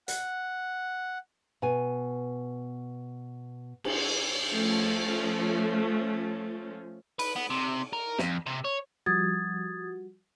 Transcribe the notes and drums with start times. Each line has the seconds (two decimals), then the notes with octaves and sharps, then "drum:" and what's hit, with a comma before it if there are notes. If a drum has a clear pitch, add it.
0.08 F#5, drum: hi-hat
1.62 B2 G#5
3.84 drum: cymbal
4.50 F3 A3 C#4
7.19 B4, drum: cymbal
7.36 B3
7.50 C3
7.93 A#4
8.19 F2, drum: snare
8.46 C3
8.64 C#5
9.06 F3 G3 F#4 D#6 G#6 A6